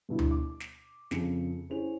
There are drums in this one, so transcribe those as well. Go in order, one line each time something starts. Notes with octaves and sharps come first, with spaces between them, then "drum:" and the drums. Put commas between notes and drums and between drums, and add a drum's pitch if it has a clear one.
G2 B2 E4
drum: tom D2
D6
drum: snare
F2 C#3 C#7, drum: snare
C#4 E4 G#4 C5 F7